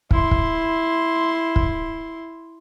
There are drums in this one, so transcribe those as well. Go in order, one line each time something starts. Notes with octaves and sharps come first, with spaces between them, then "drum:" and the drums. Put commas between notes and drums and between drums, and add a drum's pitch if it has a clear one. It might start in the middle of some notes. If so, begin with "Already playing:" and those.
E4 C6, drum: kick
drum: kick
drum: kick